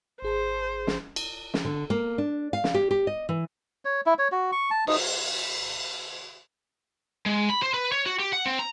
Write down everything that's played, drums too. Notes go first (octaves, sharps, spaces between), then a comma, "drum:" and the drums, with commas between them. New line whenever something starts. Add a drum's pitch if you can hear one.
G#1 G#4 C5 A5
drum: snare
drum: cymbal
drum: snare
D3
A#3
D4
F5
drum: snare
G4
G4
D#5
E3
C#5
E4
C#5
F#4
C#6
A5
D#4, drum: cymbal
G#3
B5
C5
B4
C#5
F#4
G4
F#5
C4
A#5